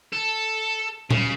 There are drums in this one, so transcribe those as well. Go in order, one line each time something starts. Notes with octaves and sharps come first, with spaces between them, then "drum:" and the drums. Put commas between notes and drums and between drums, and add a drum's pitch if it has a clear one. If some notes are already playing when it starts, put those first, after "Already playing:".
A4
C#3, drum: tom A#2